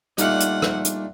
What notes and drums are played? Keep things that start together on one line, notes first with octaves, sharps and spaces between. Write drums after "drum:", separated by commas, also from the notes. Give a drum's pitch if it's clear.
A#2 G3 A3 D4 D#4 F#5 F6, drum: hi-hat
drum: hi-hat
drum: rim click
drum: hi-hat